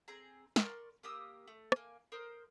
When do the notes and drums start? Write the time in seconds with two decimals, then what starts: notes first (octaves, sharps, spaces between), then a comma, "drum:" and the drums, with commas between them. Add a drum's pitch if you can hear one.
0.08 C4 G#4 A#5
0.56 A#4 D5 C6 C#6, drum: snare
1.03 A#3 G4 D#6 E6
1.48 A3
1.72 A#3 G#5, drum: rim click
2.12 A#4 C5 D#6